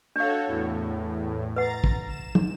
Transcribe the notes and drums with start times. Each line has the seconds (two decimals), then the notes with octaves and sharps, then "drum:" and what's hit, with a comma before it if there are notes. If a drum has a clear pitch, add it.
0.16 D4 F#4 A4 C#5 F5
0.47 E2 A2
1.56 B4 F#5 A#5 A6
1.84 drum: kick
2.08 E7
2.35 drum: tom